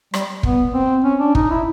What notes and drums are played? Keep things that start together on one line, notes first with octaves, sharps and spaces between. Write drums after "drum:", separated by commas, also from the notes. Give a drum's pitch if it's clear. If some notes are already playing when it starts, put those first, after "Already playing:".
G3, drum: rim click
B3, drum: kick
C4
C#4
D4
D#4, drum: kick
E4